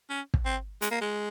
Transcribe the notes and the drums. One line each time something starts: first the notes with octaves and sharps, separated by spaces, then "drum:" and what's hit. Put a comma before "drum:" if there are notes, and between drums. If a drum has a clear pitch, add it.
C#4
drum: kick
C4
G#3, drum: hi-hat
A#3
G#3